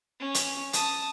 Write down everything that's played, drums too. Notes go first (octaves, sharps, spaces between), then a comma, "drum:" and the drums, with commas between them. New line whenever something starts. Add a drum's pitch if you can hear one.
C#4
drum: hi-hat
A5 D#6, drum: hi-hat